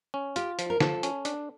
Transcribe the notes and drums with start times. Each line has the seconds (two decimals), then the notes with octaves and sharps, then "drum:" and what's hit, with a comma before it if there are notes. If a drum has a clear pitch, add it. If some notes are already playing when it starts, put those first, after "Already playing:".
0.14 C#4
0.36 F4 G4, drum: hi-hat
0.59 F3, drum: hi-hat
0.70 A#4
0.80 F3 A4, drum: snare
1.03 C#4, drum: hi-hat
1.25 D4, drum: hi-hat